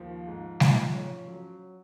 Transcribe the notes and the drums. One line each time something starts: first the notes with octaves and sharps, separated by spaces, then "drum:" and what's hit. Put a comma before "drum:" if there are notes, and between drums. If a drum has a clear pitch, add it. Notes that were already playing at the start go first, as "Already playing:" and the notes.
Already playing: D#2 F3
G#2
F3, drum: snare
C#4
F#3